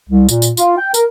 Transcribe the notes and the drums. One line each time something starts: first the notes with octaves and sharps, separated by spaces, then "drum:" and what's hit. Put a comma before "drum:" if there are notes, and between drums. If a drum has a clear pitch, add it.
C2
A#2, drum: tambourine
drum: tambourine
F4, drum: tambourine
G5
A#4, drum: tambourine